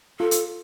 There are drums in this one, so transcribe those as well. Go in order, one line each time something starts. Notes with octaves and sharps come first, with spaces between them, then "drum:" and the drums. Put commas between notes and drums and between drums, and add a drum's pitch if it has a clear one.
F4 A4
drum: hi-hat